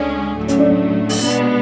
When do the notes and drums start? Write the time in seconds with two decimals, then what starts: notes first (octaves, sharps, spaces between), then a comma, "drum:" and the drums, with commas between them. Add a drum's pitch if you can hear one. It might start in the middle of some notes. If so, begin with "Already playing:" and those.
Already playing: D2 D3 G#3 C#4 D4 G#4
0.37 A2 F#3 A3
0.48 C#4, drum: hi-hat
0.59 D4
0.70 D4
1.09 drum: open hi-hat
1.23 B2 G#3 B3 D4